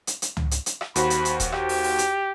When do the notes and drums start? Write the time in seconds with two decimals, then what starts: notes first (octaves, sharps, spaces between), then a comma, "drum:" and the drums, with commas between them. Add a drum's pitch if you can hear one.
0.07 drum: hi-hat
0.22 drum: hi-hat
0.37 drum: tom
0.51 drum: hi-hat
0.66 drum: hi-hat
0.81 drum: rim click
0.95 D#2 F#4 C5 B5, drum: hi-hat
1.10 drum: hi-hat
1.25 drum: hi-hat
1.40 drum: kick D#1, hi-hat
1.52 G4, drum: rim click
1.69 drum: open hi-hat
1.84 drum: open hi-hat
1.98 drum: hi-hat